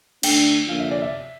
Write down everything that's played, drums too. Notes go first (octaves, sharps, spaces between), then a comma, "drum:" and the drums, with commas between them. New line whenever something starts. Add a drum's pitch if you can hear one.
D3 A3 D4 G5, drum: cymbal
D3 F3 A#3 D4 F4 F5
E5
D5
E5